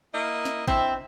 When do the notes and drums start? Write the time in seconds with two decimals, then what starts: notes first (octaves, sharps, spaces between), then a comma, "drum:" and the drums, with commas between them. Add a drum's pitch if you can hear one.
0.14 A#3 E4 D#5
0.45 drum: snare
0.67 C4 E4 E5, drum: kick